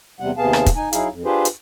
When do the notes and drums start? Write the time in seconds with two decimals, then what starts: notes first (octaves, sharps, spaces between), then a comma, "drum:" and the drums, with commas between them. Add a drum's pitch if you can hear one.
0.20 E2 C3 G3 F#5
0.38 D#2 C3 B3 G#4 F5 A5
0.53 drum: rim click
0.66 drum: kick, hi-hat
0.76 D#4 G#5
0.93 F#3 D#4 E4 G#4 F5, drum: hi-hat
1.11 F2
1.25 D4 F4 G4 G#4 B4 C5
1.45 drum: hi-hat